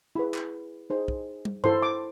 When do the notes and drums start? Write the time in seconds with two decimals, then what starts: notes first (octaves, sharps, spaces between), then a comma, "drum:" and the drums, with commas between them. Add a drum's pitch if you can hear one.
0.15 E4 G#4 B4 B5
0.34 drum: clap
0.90 D#4 G#4 C5
1.08 drum: kick
1.45 drum: tom
1.64 E4 A4 C5 C6, drum: tom G2
1.82 D6